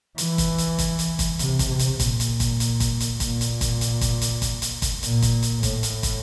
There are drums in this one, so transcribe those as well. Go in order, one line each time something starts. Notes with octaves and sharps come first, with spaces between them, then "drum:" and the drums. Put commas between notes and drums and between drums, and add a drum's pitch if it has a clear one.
E3, drum: hi-hat
drum: kick, hi-hat
drum: hi-hat
drum: kick, hi-hat
drum: hi-hat
drum: kick, hi-hat
C3, drum: hi-hat
drum: kick, hi-hat
C3
drum: hi-hat
A#2, drum: kick, hi-hat
drum: hi-hat
drum: kick, hi-hat
drum: hi-hat
drum: kick, hi-hat
drum: hi-hat
A#2, drum: kick, hi-hat
drum: hi-hat
drum: kick, hi-hat
drum: hi-hat
drum: kick, hi-hat
drum: hi-hat
drum: kick, hi-hat
drum: hi-hat
drum: kick, hi-hat
A#2, drum: hi-hat
drum: kick, hi-hat
drum: hi-hat
A2, drum: kick, hi-hat
drum: hi-hat
drum: kick, hi-hat